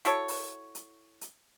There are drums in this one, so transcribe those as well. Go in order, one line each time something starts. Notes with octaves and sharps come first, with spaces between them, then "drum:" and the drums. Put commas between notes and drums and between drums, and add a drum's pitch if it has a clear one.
E4 F#4 A4 C#5, drum: hi-hat
drum: open hi-hat
drum: hi-hat
drum: hi-hat